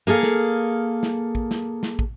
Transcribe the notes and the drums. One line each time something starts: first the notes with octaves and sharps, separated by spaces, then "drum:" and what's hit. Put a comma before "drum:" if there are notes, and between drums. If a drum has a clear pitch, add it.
A#3 G#4 A4 F5
drum: snare
drum: snare
drum: kick
drum: snare
drum: snare
drum: kick